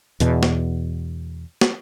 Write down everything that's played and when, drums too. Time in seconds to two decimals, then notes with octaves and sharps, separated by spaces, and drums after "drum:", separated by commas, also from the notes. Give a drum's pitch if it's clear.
0.20 E2 B2, drum: hi-hat
0.43 drum: snare
1.61 drum: snare